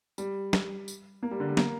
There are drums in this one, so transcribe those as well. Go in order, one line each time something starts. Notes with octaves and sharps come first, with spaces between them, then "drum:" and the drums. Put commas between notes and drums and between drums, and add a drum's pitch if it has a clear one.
G3, drum: tambourine
drum: snare
drum: tambourine
A#3
G3
D3
G3
A#3, drum: snare